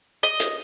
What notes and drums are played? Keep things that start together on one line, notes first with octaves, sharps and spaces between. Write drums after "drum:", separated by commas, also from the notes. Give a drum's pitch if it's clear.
D#5
drum: hi-hat